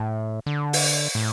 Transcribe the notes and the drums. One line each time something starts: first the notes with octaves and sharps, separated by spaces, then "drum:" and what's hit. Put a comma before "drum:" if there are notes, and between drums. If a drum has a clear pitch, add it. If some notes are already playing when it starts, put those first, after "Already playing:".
Already playing: A2
D3
drum: open hi-hat
A2